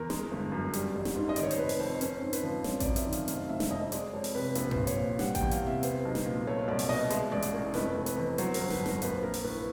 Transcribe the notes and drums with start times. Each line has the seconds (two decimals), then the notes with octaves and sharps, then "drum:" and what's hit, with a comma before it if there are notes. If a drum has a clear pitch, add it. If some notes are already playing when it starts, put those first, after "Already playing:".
Already playing: E2 A#4
0.10 G#3, drum: snare
0.31 G1
0.52 F#2
0.74 G3, drum: hi-hat
0.95 A1
1.05 drum: snare
1.16 G#2
1.29 D#5
1.36 D#3 D5, drum: hi-hat
1.43 C#5
1.51 C5, drum: hi-hat
1.58 F1 B4
1.69 drum: open hi-hat
1.80 F2 C5
2.01 C#4 C5, drum: hi-hat
2.22 G#2
2.33 B4, drum: hi-hat
2.43 F3
2.64 C4 C#5, drum: snare
2.80 D5, drum: kick A1, hi-hat
2.85 F#2
2.96 E5, drum: hi-hat
3.07 D#3
3.13 F5, drum: hi-hat
3.28 F1 F5, drum: hi-hat
3.49 F1 E5
3.60 drum: snare
3.71 F2 D#5
3.92 G#3 D5, drum: hi-hat
4.13 F2 C#5
4.24 drum: open hi-hat
4.35 C3 B4
4.55 A#1 B4, drum: hi-hat
4.71 C5, drum: tom G2
4.77 A#1
4.87 C#5, drum: hi-hat
4.98 A#2
5.19 G3 F#5, drum: snare
5.35 G5, drum: kick A1, hi-hat
5.41 E2
5.51 F5, drum: hi-hat
5.62 C3 E5
5.83 B3 C5, drum: hi-hat
6.05 B1
6.15 drum: snare
6.25 A#2
6.47 A3 C#5
6.68 C2 D5
6.79 drum: open hi-hat
6.89 B2 D#5
7.10 G#3 E5, drum: hi-hat
7.32 A1 D5
7.42 drum: hi-hat
7.53 A2 A#4
7.74 F1 B4, drum: snare
7.96 F1
8.06 B4, drum: hi-hat
8.17 E2
8.38 F#3 C5, drum: hi-hat
8.54 A#4, drum: open hi-hat
8.59 G1
8.70 B4, drum: snare
8.80 F2
8.86 A#4, drum: snare
9.02 A#1 B4, drum: hi-hat
9.22 A#1 A#4
9.34 drum: open hi-hat
9.44 A2 B4